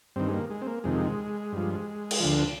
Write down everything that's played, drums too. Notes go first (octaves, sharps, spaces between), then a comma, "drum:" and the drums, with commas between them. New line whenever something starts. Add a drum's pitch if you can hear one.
G2 D#3 C4
G#3
A#3
G#3
C4
A#3
F2 C3 D#3 G#3
G2 F3
drum: cymbal
D2 D3 F3